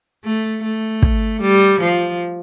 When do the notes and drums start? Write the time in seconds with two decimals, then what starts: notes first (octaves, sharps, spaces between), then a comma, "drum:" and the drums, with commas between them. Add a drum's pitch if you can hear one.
0.25 A3
0.63 A3
1.02 drum: kick
1.41 G3
1.80 F3